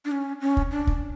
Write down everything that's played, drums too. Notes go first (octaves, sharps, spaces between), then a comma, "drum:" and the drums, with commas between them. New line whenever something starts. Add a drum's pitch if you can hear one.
D4
C#4
C#4
drum: kick
D4
drum: kick